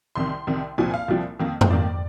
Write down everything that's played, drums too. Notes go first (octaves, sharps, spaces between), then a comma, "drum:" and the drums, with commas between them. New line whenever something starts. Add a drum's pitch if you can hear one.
C2 C3 D#3 C6
C2 C3 D#3
C2 A#2 F3 C4 G#5
F5
C2 A#2 F3 C4
F2 D#3 A#3
C5, drum: tom F2
F2 D#3 A#3 D5